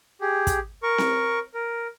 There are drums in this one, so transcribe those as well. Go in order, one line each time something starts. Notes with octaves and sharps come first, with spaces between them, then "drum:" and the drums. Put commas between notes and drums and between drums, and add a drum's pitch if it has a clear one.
G4 G#4
drum: kick, hi-hat
A#4 C#6
drum: snare C4
A#4